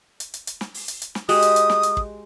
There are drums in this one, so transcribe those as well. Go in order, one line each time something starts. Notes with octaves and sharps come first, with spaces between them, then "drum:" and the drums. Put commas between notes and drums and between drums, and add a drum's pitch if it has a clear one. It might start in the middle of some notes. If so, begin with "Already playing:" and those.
drum: hi-hat
drum: hi-hat
drum: hi-hat
drum: snare
drum: open hi-hat
drum: hi-hat
drum: hi-hat
drum: snare
G#3 F#4 G4 D#6, drum: open hi-hat
drum: hi-hat
drum: hi-hat
drum: snare
drum: hi-hat
drum: kick